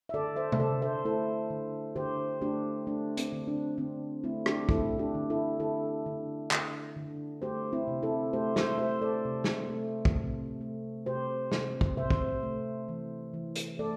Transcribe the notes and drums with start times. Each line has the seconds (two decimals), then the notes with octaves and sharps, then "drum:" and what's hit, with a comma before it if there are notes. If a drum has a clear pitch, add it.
0.09 E5
0.14 D3 A4 D5
0.36 C5 E5
0.52 E5, drum: tom C3
0.59 D3 A4 D5
0.82 C5 E5
1.05 A3 E4 A4
1.50 D3
1.96 D3 G4 C5
2.42 A3 D4 G4
2.87 A3 D4
3.17 C4, drum: hi-hat
3.32 D3
3.48 D4
3.78 D3 C4
4.24 A3 C4 E4
4.46 D4 G4, drum: rim click
4.69 A3 E4 A4, drum: kick
4.99 D4 G4
5.15 D3
5.30 E4 A4
5.60 D3 E4 A4
6.06 D3
6.51 D3, drum: clap
6.96 D3
7.42 A3 G4 C5
7.73 C4 E4
7.87 C3
8.03 E4 A4
8.33 A3 G4 C5
8.56 C5 E5, drum: snare
8.78 A3 C5 E5
9.02 A4 D5
9.25 C3
9.44 drum: snare
9.70 A3
10.05 drum: kick
10.15 C3
10.61 A3
11.06 C3 G4 C5
11.52 C3, drum: snare
11.81 drum: kick
11.97 C3 C5 E5
12.10 drum: kick
12.43 A3
12.88 E3
13.34 E3
13.56 drum: hi-hat
13.79 A3 A4 D5